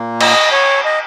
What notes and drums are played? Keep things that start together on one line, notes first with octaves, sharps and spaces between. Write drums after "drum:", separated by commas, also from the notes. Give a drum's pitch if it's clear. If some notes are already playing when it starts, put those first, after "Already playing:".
Already playing: A#2 A#3
D#5, drum: cymbal
C#5
D#5